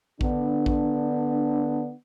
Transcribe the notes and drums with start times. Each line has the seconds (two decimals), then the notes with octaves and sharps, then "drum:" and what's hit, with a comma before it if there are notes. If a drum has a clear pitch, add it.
0.21 D3 B3 D4, drum: kick A1
0.66 drum: kick A1